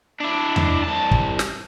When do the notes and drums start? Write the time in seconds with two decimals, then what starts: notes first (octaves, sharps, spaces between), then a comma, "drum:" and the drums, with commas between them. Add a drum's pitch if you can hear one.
0.20 D4 E4
0.56 drum: tom E2
0.84 C2 A5
1.11 drum: kick
1.39 drum: snare